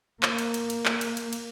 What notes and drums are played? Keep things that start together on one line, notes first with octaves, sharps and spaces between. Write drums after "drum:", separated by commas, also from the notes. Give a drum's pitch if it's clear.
A#3, drum: clap
drum: cymbal
drum: cymbal
drum: cymbal
drum: clap
drum: cymbal
drum: cymbal
drum: cymbal